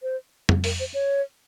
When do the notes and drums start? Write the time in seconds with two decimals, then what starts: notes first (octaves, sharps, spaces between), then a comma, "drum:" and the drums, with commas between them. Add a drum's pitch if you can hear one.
0.03 C5
0.49 G#4, drum: tom F2
0.64 A#4, drum: open hi-hat
0.80 C5
0.94 C#5